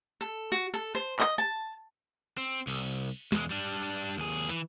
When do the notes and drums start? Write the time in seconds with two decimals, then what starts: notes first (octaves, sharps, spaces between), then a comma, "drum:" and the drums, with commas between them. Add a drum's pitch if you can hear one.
0.21 A4
0.52 F#4
0.74 A4
0.95 C5
1.20 D#5, drum: clap
1.38 A5
2.38 C4
2.67 C2, drum: cymbal
3.32 E2 G#3, drum: snare
3.50 G3 D4
4.18 D#2 G#4
4.49 E3, drum: hi-hat